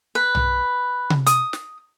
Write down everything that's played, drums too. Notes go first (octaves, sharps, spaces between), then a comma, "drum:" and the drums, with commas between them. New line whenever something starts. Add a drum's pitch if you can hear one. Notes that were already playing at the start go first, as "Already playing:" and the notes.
B4
drum: tom
drum: tom C3
D#6, drum: hi-hat
drum: snare